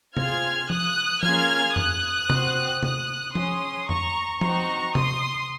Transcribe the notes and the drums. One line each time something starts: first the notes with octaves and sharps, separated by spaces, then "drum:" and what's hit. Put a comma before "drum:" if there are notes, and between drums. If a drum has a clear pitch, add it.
C4 F4 G#4 F6 G#6, drum: tom C3
D#6 F#6, drum: tom F3
A#3 C#4 F4 G#4 F6 G#6, drum: tom F3
D#6 F#6, drum: tom F2
C4 F#4, drum: tom C3
D#6 F#6, drum: tom C3
C#4 G#4 C6 D#6, drum: tom F3
A#5 C#6, drum: tom F2
C4 D#4 F#4 A#5 C#6, drum: tom F3
C6 D#6, drum: tom C3